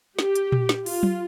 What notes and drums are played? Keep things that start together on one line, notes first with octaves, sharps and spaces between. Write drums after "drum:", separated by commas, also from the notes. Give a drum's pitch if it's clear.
G4, drum: snare
drum: hi-hat
drum: tom A#2
drum: snare
F4, drum: open hi-hat
drum: tom F#3